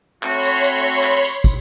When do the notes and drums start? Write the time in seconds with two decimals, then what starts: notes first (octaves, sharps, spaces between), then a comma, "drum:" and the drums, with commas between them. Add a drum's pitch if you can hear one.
0.23 A3 C4 F#4 C#5 B5 C6, drum: clap
0.43 drum: tambourine
0.63 drum: tambourine
1.04 drum: clap
1.24 drum: tambourine
1.44 drum: kick, tambourine